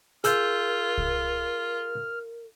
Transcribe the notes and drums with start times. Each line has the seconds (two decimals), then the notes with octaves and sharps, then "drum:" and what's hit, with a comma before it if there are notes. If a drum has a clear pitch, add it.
0.24 F4 G#4 A#4 E6 F6 G6, drum: hi-hat
0.98 drum: kick C2